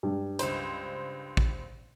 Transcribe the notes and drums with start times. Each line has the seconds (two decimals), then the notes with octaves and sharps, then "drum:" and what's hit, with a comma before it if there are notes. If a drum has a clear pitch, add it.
0.03 G2
0.39 C#2 C5, drum: hi-hat
1.37 drum: kick